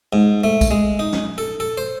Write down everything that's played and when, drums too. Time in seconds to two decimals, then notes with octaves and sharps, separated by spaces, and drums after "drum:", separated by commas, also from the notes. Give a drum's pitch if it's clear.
0.13 G#2
0.44 A3
0.61 drum: kick, tambourine
0.71 G#3
0.99 D#4
1.12 drum: snare
1.38 A4
1.60 A4
1.78 C5